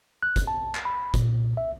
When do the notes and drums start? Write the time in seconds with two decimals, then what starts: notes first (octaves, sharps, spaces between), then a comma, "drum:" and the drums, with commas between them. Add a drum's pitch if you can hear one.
0.23 F#6
0.36 drum: kick, hi-hat
0.47 A5
0.75 drum: clap
0.85 B5
1.14 A#2, drum: kick, hi-hat
1.57 E5